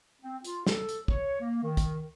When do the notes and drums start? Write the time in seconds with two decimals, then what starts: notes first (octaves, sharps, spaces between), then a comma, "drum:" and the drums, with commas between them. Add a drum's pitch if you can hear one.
0.22 C4
0.44 F4, drum: hi-hat
0.67 A4, drum: snare
0.89 drum: hi-hat
1.08 C#5, drum: kick
1.41 A#3
1.63 D#3
1.77 drum: kick, hi-hat